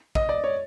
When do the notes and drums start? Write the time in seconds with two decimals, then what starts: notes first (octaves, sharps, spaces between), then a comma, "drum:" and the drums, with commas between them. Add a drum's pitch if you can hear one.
0.15 D#5, drum: kick
0.29 D5
0.44 C#5